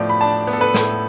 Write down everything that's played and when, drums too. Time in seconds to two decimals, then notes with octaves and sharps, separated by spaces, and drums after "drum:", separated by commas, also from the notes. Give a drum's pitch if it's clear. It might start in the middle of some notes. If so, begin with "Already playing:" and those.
Already playing: A2 F3 B3 D5
0.09 B5
0.21 D4 A5
0.47 B3
0.53 A4
0.61 B4
0.74 A2, drum: snare